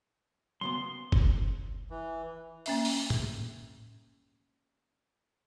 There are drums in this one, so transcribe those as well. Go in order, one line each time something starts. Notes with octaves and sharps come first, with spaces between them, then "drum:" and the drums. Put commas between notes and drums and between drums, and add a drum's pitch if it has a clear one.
F#2 C#3 B3 C6
drum: kick F#1
E3
A#3 C#4 E5, drum: open hi-hat
drum: open hi-hat
drum: tom